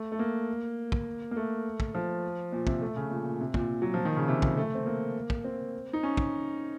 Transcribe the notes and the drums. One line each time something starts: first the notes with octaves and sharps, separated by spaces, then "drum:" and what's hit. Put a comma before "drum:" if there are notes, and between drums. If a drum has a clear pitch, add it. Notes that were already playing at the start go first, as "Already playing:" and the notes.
Already playing: A3
A3
A#3
drum: kick
A#3
A3
drum: kick
F3
A#2
C3, drum: kick
A3
C#3
A#2
A#2
C3
A#2, drum: kick
F#3
F3
D#3
C#3
C3
drum: kick
A3
C4
A#3
drum: kick
C4
D#4
C#4
drum: kick